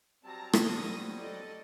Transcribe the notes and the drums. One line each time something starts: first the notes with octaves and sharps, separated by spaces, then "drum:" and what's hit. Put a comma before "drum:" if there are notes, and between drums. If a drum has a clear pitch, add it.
F#3 G3 C4 A5 A#5 A#6
drum: rim click
D#6 A#6
A4 D5 D#5